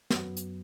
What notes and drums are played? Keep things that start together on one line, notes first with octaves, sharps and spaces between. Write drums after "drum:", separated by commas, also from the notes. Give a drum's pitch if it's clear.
F#2 F#3 B3, drum: snare
drum: hi-hat